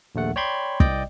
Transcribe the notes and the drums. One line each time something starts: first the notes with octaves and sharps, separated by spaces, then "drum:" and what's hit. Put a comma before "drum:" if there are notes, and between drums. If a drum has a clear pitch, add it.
A#1 D#2 A3 F#5
C#5 D5 G5 B5 C6 G#6
C2 D5 D#5 G5, drum: kick